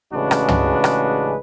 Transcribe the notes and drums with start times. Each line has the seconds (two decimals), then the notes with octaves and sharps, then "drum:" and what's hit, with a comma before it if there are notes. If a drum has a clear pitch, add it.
0.13 A1 C#3 G#3 D4 F#4 B4
0.31 drum: rim click
0.48 drum: tom
0.84 drum: rim click